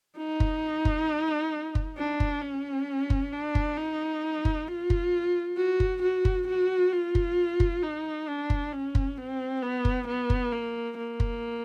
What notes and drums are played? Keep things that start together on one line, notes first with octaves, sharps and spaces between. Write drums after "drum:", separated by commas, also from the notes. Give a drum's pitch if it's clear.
D#4
drum: kick
drum: kick
drum: kick
D4
drum: kick
C#4
drum: kick
D4
drum: kick
D#4
drum: kick
F4
drum: kick
F#4
drum: kick
F#4
drum: kick
F#4
F4
drum: kick
drum: kick
D#4
D4
drum: kick
C#4
drum: kick
C4
B3
drum: kick
B3
drum: kick
A#3
A#3
drum: kick